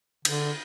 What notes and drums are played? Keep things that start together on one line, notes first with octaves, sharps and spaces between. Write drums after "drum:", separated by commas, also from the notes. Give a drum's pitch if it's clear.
D3, drum: cymbal